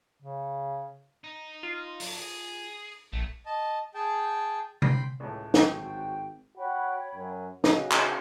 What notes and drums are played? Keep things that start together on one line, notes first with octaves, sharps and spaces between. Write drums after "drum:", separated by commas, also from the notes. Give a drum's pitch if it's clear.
C#3
D#4
F4
F#3 D4, drum: open hi-hat
G#4
A#1 A3
D#5 A5
G#4 G5 A5
G5 B5 C6, drum: tom C3
C#2 A2
G#1 F#4 C5 G5, drum: snare
F#4 C#5 G5 B5
F#2
C#3 F#4 D#5, drum: snare
drum: clap